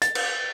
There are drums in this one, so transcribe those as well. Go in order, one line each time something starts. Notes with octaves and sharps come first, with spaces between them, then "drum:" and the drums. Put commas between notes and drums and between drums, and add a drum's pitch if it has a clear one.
A6, drum: hi-hat
drum: cymbal